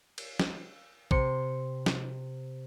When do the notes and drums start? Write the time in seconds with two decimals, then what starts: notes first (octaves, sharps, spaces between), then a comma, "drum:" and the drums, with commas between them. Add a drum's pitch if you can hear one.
0.18 drum: cymbal
0.39 drum: snare
1.11 C3 C6 C#7, drum: kick
1.86 drum: snare